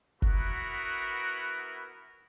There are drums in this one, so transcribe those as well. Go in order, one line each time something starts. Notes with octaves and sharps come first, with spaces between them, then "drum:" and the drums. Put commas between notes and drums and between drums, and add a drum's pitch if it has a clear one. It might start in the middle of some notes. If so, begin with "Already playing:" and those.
B3 E4 F#4 A#4 B4, drum: kick